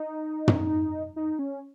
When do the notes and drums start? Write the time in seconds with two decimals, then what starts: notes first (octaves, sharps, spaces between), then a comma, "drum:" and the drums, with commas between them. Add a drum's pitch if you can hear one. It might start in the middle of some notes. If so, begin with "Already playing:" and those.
Already playing: D#4
0.48 drum: tom
1.16 D#4
1.39 C#4